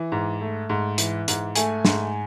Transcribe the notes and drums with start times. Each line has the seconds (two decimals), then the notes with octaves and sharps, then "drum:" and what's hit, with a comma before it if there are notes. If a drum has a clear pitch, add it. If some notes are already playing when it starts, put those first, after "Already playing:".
Already playing: E3
0.12 G#2
0.41 A3
0.70 G#2
0.98 E3, drum: hi-hat
1.28 G#2, drum: hi-hat
1.56 A3 G#5, drum: hi-hat
1.85 G#2, drum: snare